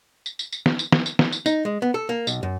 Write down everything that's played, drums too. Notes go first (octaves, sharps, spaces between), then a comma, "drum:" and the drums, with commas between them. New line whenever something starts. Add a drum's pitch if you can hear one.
drum: tambourine
drum: tambourine
drum: tambourine
drum: snare
drum: tambourine
drum: snare
drum: tambourine
drum: snare
drum: tambourine
D#4, drum: tambourine
G#3
B3
A4
A#3
B1, drum: tambourine
F#2